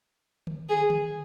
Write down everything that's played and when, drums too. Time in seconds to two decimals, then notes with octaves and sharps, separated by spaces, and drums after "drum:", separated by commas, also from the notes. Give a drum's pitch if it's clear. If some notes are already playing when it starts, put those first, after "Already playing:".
0.47 drum: tom D3
0.69 G#4
0.90 drum: tom D3